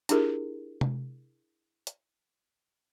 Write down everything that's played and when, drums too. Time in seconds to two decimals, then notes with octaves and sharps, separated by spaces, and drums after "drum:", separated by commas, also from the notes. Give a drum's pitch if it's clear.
0.09 D4 E4 F4 G4 G#4 A#4, drum: hi-hat
0.81 drum: tom C3
1.87 drum: hi-hat